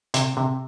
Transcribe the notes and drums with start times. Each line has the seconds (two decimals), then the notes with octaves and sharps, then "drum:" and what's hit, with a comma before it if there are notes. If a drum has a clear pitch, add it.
0.14 C3, drum: hi-hat
0.37 C3